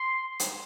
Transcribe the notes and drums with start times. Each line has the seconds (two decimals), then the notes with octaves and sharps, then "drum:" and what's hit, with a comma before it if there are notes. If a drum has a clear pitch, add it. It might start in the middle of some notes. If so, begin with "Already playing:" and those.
Already playing: C6
0.40 drum: hi-hat